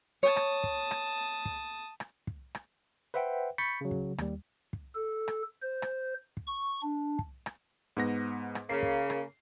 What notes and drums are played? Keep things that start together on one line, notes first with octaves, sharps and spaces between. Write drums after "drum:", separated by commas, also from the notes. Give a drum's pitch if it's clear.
C#5 A5 D#6
drum: rim click
drum: kick
drum: rim click
drum: kick
drum: rim click
drum: kick
drum: rim click
B4 C5 E5 F#5 G5
B5 C#6 G6 A6 B6 C#7
C#3 F#3
drum: kick
D#2 G3, drum: rim click
drum: kick
A4
drum: rim click
C5
drum: rim click
drum: kick
C#6
D4
drum: kick
drum: rim click
G#2 B3 A#6
drum: rim click
C#3 A#3 C7
drum: kick
drum: rim click